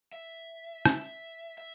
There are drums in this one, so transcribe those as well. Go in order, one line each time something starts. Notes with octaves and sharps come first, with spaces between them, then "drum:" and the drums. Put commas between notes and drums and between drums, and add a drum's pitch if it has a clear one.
E5
E5, drum: rim click
E5